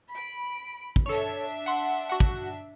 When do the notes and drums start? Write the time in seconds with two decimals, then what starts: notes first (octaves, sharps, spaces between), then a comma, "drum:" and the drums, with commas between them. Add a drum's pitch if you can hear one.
0.13 B5 D7
0.96 drum: kick
1.06 D4 A4 C#5 E5
1.66 F#5 C6
2.09 F#4 F#5
2.20 drum: kick